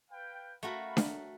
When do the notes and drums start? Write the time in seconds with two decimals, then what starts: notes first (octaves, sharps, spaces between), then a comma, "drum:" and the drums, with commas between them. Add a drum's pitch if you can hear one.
0.11 B4 F5 G5
0.63 A3 F#4 A#4 F5 B5
0.97 drum: snare D4